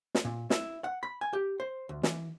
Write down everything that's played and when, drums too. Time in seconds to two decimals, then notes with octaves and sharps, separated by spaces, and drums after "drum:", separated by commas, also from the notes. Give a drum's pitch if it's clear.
0.15 drum: snare
0.25 A#2
0.50 E4, drum: snare
0.84 F#5
1.03 B5
1.21 G#5
1.33 G4
1.60 C5
1.89 D2
2.03 E3, drum: snare